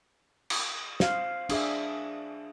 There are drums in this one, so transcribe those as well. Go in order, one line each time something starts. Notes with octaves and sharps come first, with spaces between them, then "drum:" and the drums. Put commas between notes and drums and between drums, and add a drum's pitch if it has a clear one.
drum: cymbal
C5 F5, drum: snare
D4 G#4 E5, drum: cymbal